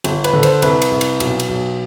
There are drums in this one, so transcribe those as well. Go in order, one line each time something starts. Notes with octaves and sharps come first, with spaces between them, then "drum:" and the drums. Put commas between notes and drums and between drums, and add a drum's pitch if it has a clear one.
G1, drum: cymbal
B4, drum: cymbal
D3
C5, drum: cymbal
C2 B4, drum: cymbal
drum: cymbal
C2
drum: cymbal
B1, drum: cymbal
drum: cymbal
B1